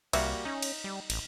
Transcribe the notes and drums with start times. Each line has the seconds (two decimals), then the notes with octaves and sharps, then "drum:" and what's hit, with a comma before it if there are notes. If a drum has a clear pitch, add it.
0.13 C2 G3 A#3 F#4 E5, drum: cymbal
0.45 C#4 D#4
0.62 drum: cymbal
0.84 G3
1.10 A1, drum: cymbal